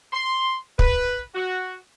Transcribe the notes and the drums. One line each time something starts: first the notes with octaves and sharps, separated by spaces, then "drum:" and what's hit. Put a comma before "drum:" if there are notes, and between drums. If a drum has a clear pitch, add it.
C6
B4, drum: kick
F#4